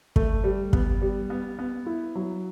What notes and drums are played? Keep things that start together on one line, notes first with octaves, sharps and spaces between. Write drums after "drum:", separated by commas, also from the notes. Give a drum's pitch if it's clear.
A3, drum: kick
G3
B3, drum: kick
G3
B3
B3
E4
F#3